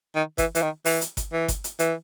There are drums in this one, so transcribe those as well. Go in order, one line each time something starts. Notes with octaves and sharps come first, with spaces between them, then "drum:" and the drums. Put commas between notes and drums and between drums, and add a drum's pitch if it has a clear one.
D#3
E3, drum: kick G1, hi-hat
E3, drum: hi-hat
D#3
E3, drum: open hi-hat
drum: hi-hat
drum: kick G1, hi-hat
E3
drum: kick G1, hi-hat
drum: hi-hat
E3, drum: hi-hat